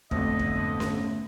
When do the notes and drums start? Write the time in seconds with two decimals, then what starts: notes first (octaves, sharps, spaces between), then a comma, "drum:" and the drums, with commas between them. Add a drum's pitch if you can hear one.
0.11 G#1 F2 D3 A3 B3 D#5, drum: kick
0.39 drum: kick
0.80 drum: snare C#4